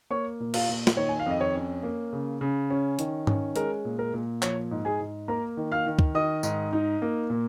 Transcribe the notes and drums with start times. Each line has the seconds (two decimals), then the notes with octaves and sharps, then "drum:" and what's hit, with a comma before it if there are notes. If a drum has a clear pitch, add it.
0.10 A#3 C#5 C#6
0.40 A#2
0.54 F4 F5, drum: cymbal
0.69 A#2
0.87 drum: snare
0.97 D#3 C#5
1.09 G#5
1.20 F5
1.26 F2 D#5
1.41 C#5
1.55 C#4
1.83 A#3
2.13 C#3
2.41 C#3
2.70 C#4
2.99 D#3, drum: hi-hat
3.27 C#4, drum: tom G#2
3.56 G#3 A#4, drum: hi-hat
3.85 A#2
3.99 A#4
4.14 A#2
4.42 F3 C#5, drum: clap
4.71 G#2
4.85 G#4 G#5
5.00 G#2
5.28 A#3 A#4 A#5
5.57 D#3
5.72 F5 F6
5.86 D#3
5.99 drum: kick
6.15 D#3 D#5 D#6
6.43 G#2, drum: tambourine
6.73 D#4
7.02 A#3
7.30 A#2